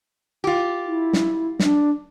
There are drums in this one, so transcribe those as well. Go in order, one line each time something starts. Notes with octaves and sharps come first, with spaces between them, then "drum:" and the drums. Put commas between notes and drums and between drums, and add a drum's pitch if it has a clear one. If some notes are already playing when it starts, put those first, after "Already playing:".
F4 G4
E4
drum: snare
D4, drum: snare